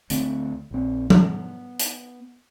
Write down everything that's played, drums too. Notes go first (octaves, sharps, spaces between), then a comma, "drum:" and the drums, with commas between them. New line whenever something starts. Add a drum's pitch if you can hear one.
D2 D3 A3 C4, drum: hi-hat
A#1 C4
B3, drum: tom F3
drum: hi-hat